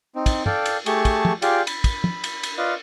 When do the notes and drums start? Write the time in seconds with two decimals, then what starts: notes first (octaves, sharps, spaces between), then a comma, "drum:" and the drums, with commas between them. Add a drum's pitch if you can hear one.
0.15 C4 D#4
0.26 drum: kick, cymbal
0.46 A4 D5 F5 G5, drum: tom
0.66 drum: cymbal
0.86 A3 G4 G#4 A5 C#6, drum: cymbal
1.05 drum: kick, cymbal
1.25 drum: tom
1.42 F4 G4 G#4 D5 F5 G5, drum: cymbal
1.67 B5, drum: cymbal
1.84 drum: kick, cymbal
2.04 drum: tom
2.24 drum: cymbal
2.43 drum: cymbal
2.58 F4 B4 D5 D#5 F5